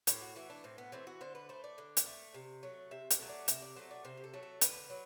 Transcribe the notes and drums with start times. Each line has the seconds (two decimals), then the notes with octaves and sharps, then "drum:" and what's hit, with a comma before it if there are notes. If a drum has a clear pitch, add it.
0.07 A2 G4, drum: hi-hat
0.21 F#4
0.36 E3 A3 F#4
0.50 D4
0.64 A2 C4
0.78 B3
0.92 E3 A3 C4
1.07 F#4
1.21 D3 C5
1.35 B4
1.49 A3 C5
1.64 D5
1.78 D3
1.97 drum: hi-hat
2.06 A3
2.34 C3
2.63 F#3 A3
2.91 C3 E5
3.10 D5, drum: hi-hat
3.20 F#3 A3
3.29 D5
3.48 C3 E5, drum: hi-hat
3.62 D5
3.76 F#3 A3 C5
3.91 D5
4.05 C3 C5
4.17 G4
4.24 A4
4.34 F#3 A3
4.43 A4
4.61 D3 B4, drum: hi-hat
4.90 F#3